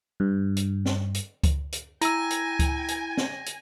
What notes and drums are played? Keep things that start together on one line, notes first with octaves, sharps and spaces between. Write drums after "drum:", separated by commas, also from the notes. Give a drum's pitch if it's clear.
G2
drum: hi-hat
drum: snare
drum: hi-hat
drum: kick C#2, hi-hat
drum: hi-hat
E4 G5 G#5 A#5 E6 G#6 A#6 D#7, drum: hi-hat
drum: hi-hat
drum: kick C#2, hi-hat
drum: hi-hat
drum: snare
drum: hi-hat